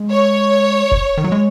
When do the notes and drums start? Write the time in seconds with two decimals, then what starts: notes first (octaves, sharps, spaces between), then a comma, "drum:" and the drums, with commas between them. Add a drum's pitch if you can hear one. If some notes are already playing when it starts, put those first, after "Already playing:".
Already playing: G#3
0.11 C#5
0.91 drum: kick F1
1.18 D#3
1.24 F#3
1.32 G#3